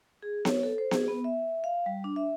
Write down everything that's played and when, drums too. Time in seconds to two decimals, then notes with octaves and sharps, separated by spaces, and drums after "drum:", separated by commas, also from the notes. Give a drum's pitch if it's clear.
0.23 G#4
0.45 C#5, drum: snare B3
0.63 A4
0.78 C5
0.91 G#4, drum: snare B3
1.08 B3
1.24 E5
1.64 F5
1.86 G3
2.04 D4
2.16 E5